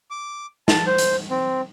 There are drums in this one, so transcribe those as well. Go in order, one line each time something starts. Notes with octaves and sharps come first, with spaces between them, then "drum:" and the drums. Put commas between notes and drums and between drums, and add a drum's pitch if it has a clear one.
D6
A5, drum: snare
C5
drum: hi-hat
C4